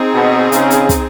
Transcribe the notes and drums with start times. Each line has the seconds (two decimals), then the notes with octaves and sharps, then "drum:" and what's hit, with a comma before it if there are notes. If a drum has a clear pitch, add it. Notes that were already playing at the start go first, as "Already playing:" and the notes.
Already playing: C4 D#4 G#4
0.15 B2
0.52 C#3, drum: hi-hat
0.70 drum: hi-hat
0.89 drum: kick, hi-hat